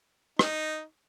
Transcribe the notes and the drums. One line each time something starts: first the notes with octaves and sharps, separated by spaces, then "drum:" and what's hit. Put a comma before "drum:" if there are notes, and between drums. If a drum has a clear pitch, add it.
D#4, drum: rim click